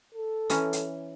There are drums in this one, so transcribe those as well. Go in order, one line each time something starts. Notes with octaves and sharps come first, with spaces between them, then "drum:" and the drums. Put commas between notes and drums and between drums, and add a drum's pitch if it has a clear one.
A4
E3 C#4 A#5, drum: hi-hat
drum: hi-hat